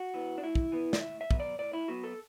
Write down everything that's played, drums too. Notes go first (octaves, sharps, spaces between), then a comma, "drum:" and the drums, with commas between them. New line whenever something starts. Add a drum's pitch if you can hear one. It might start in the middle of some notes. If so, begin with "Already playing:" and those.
Already playing: F#4
E3 B3
D4
A2 E4
drum: kick
E3 B3
D5, drum: snare
A2 E5
E5
F#3 B3, drum: kick
D5
A2 D5
E4
F#3 B3 F#4
A4